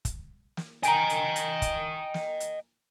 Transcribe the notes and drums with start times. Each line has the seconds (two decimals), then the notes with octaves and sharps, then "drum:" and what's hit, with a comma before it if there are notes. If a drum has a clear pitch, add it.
0.05 drum: kick, hi-hat
0.57 drum: snare
0.83 D#5 G5 G#5 A#5, drum: hi-hat
1.09 drum: hi-hat
1.36 drum: hi-hat
1.62 drum: kick, hi-hat
2.14 drum: snare
2.40 drum: hi-hat